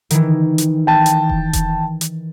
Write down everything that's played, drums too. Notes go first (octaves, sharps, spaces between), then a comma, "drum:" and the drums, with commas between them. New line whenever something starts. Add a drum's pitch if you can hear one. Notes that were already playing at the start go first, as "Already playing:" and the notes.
D#3 E3, drum: hi-hat
drum: hi-hat
G5 A5
drum: hi-hat
drum: kick E1
drum: kick E1, hi-hat
drum: hi-hat